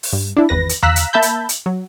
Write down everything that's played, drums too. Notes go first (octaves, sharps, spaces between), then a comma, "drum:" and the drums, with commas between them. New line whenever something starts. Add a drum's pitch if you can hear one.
drum: open hi-hat
G2
D4 E4
G#1 E2 B4 A#6
drum: hi-hat
F5 A#5 E6 F#6 B6, drum: tom E2
drum: hi-hat
A#3 E5 A5 B5 G6
drum: hi-hat
drum: hi-hat
F#3